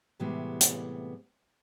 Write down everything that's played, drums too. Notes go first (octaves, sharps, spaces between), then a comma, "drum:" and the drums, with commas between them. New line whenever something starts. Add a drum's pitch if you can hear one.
A2 C3 E3 G3 G#3 B3
drum: hi-hat